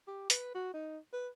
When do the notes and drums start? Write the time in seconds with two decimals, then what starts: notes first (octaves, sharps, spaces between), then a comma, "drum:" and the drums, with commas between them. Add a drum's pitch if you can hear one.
0.07 G4
0.30 B4, drum: hi-hat
0.55 F#4
0.74 D#4
1.13 B4